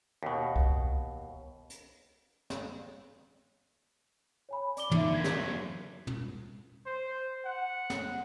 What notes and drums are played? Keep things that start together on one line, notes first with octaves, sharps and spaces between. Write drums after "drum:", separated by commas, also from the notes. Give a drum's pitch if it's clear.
D#2 B2
drum: kick C2
drum: hi-hat
drum: snare
C#5 G#5 B5
D5 D6 G7, drum: hi-hat
D3 D#4 E5, drum: tom
F#3 A#3 G#6 B6
drum: snare
drum: tom
C5
F#5
drum: snare